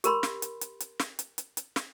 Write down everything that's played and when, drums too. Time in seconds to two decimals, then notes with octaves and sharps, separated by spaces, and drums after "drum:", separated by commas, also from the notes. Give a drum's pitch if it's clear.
0.04 G4 A#4 B5 C6, drum: hi-hat
0.23 drum: snare
0.42 drum: hi-hat
0.61 drum: hi-hat
0.80 drum: hi-hat
1.00 drum: snare
1.19 drum: hi-hat
1.38 drum: hi-hat
1.57 drum: hi-hat
1.76 drum: snare